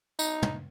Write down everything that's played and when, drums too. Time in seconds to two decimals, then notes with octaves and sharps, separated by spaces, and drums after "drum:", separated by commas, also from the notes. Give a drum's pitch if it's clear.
0.19 D#4, drum: tambourine
0.42 drum: tom